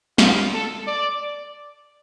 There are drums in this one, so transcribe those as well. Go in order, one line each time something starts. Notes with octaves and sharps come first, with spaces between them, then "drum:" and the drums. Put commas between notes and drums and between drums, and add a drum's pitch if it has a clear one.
F4, drum: snare
A4
D5